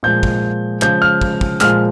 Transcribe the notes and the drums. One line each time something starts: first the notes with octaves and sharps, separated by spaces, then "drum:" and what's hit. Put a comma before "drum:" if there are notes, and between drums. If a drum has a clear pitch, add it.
A#2 F3 G#3 G6
drum: kick
C#3 F3 G#3 G6, drum: clap
F6
drum: kick
drum: kick
A#2 F3 G#3 F6, drum: clap